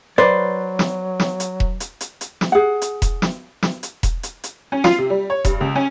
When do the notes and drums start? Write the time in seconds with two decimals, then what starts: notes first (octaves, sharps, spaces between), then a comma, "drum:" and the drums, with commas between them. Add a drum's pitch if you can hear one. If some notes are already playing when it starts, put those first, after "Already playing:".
0.18 F#3 B4 C5 D5
0.79 drum: snare
1.20 drum: snare
1.40 drum: hi-hat
1.60 drum: kick E1
1.80 drum: hi-hat
2.01 drum: hi-hat
2.21 drum: hi-hat
2.41 drum: snare
2.52 G#4 F#5
2.82 drum: hi-hat
3.02 drum: kick E1, hi-hat
3.22 drum: snare
3.63 drum: snare
3.83 drum: hi-hat
4.03 drum: kick E1, hi-hat
4.23 drum: hi-hat
4.44 drum: hi-hat
4.72 C#4
4.84 F4, drum: snare
4.98 C3
5.10 G3
5.30 C#5
5.45 G2, drum: kick E1, hi-hat
5.61 C#2
5.76 C#4